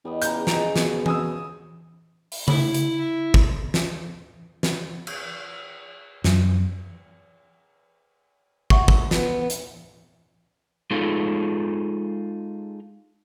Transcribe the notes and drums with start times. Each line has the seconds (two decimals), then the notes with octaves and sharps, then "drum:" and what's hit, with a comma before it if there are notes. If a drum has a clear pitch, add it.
0.05 E2 G3 B3 D#5
0.22 A#2 C#3 G3 A#5 G6, drum: hi-hat
0.47 G#3 F#4 G#5 A#5 D7 F7, drum: snare
0.76 B2, drum: snare
1.06 G#4 F5 G#5 D#6 E6, drum: tom E3
2.32 drum: open hi-hat
2.48 E4 B5, drum: tom C#3
2.74 drum: hi-hat
3.34 drum: kick
3.74 drum: snare
4.63 drum: snare
5.07 drum: cymbal
6.24 F#2, drum: snare
8.70 E5 F#5 C#6, drum: kick
8.88 drum: kick
9.11 B3, drum: snare
9.50 drum: hi-hat
10.91 G#3 D#4 F4 A4